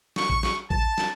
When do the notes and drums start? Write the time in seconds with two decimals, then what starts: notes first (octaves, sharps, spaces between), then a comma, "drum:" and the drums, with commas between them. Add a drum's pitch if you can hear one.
0.16 C#6, drum: snare
0.30 drum: kick A1
0.43 drum: snare
0.70 A5, drum: kick A1
0.98 drum: snare